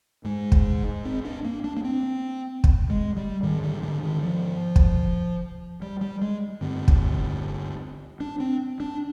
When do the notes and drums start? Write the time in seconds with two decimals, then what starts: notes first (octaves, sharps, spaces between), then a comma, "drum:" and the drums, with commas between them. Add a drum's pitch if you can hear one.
0.25 G#2 G#3
0.52 drum: kick
1.05 C4
1.25 D4
1.44 A#3
1.64 D4
1.77 A#3
1.84 C4
2.64 drum: kick
2.90 G#3
3.17 G3
3.43 G#2 D#3
3.63 D3
3.83 D3
4.03 D#3
4.23 F3
4.76 drum: kick
5.82 G3
6.01 G3
6.21 G#3
6.61 G2 D3 C4
6.88 drum: kick
8.20 D4
8.40 C4
8.80 D4